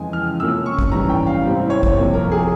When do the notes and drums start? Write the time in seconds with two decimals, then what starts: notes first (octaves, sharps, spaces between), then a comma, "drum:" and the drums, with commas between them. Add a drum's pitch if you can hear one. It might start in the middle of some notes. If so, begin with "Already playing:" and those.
Already playing: F2 C#3 E3 G#3 G#5
0.13 F6
0.39 C3 F3 A#3 C#4 E6
0.66 C#6
0.79 drum: kick
0.92 G#2 E3 G3 C#4 A#5
1.09 G5
1.27 F5
1.44 C3 G3 C4 E4
1.70 C#5
1.83 drum: kick
1.96 F2 C3 F3 A#3 F4
2.14 A#4
2.32 G#4